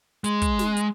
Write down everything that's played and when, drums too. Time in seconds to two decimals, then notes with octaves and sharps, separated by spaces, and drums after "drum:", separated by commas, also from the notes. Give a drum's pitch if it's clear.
0.24 G#3, drum: hi-hat
0.42 drum: kick, hi-hat
0.59 drum: snare
0.77 drum: hi-hat